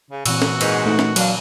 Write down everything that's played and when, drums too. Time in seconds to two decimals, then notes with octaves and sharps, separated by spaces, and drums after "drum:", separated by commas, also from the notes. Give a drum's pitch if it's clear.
0.10 C#3
0.26 A#2 E3 C4 F#4 E6, drum: cymbal
0.42 drum: snare
0.61 G#2 A#4 B4 D#5, drum: cymbal
0.86 A3 D#4
0.99 drum: snare
1.16 F#3 D4 F5, drum: cymbal